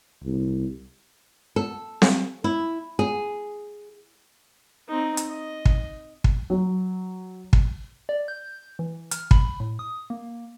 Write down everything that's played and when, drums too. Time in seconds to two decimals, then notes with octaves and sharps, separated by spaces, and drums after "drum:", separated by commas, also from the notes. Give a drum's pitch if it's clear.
0.24 C2
1.56 A4
2.02 drum: snare C4
2.44 E4
2.99 G#4
4.88 C4 D#4
5.17 drum: hi-hat
5.27 D#5
5.65 drum: kick
6.24 drum: kick
6.50 F#3
7.53 drum: kick
8.09 D5
8.28 G6
8.79 E3
9.11 F6, drum: hi-hat
9.31 B5, drum: kick
9.60 A2
9.79 D#6
10.10 A#3